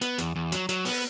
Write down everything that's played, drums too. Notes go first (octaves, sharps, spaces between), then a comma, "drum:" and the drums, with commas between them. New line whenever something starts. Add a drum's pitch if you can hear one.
B3, drum: hi-hat
E2, drum: hi-hat
E2
F#3, drum: hi-hat
F#3, drum: hi-hat
B3, drum: open hi-hat